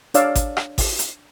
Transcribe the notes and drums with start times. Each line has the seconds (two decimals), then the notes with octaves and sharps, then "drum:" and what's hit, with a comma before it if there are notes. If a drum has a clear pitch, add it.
0.14 D4 C#5 D5 F5 E6, drum: hi-hat
0.35 drum: kick G#1, hi-hat
0.57 drum: rim click
0.78 drum: kick G#1, open hi-hat
0.99 drum: hi-hat